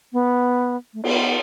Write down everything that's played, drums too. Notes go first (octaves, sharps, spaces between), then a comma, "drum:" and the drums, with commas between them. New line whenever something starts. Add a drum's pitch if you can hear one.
B3
A3
B3, drum: cymbal